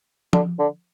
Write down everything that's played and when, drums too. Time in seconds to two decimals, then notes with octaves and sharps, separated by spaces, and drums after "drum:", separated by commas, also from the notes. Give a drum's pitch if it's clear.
0.33 D3, drum: tom F3
0.59 D3